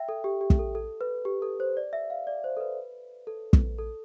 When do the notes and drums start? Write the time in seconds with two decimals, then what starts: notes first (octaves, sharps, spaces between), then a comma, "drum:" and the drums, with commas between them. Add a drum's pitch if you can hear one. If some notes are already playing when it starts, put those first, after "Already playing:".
Already playing: E5 G5
0.09 A4
0.24 G4
0.41 G4
0.50 drum: kick
0.59 A4
0.75 A4
1.01 B4
1.25 G4
1.42 A4
1.60 C5
1.77 D5
1.93 E5
2.10 F5
2.27 D5
2.44 C5
2.57 A4
2.60 B4
3.27 A4
3.53 drum: kick
3.78 A4